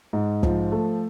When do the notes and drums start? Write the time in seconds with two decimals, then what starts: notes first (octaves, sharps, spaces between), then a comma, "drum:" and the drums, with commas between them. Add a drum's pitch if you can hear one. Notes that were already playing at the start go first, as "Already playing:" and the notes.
0.13 G#2
0.43 F3, drum: kick
0.72 A3